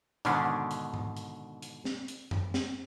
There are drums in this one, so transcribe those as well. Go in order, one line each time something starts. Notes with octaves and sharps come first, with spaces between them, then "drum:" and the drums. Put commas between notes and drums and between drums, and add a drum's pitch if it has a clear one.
G#2 B2 D3 D#3 C#4 D4, drum: hi-hat
drum: hi-hat
drum: tom G#2
drum: hi-hat
drum: hi-hat
drum: snare
drum: hi-hat
drum: tom F#2
drum: snare